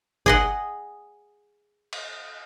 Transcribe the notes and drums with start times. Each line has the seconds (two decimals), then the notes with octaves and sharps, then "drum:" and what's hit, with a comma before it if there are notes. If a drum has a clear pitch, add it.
0.26 G#4 D#5 F#5, drum: kick
1.93 drum: cymbal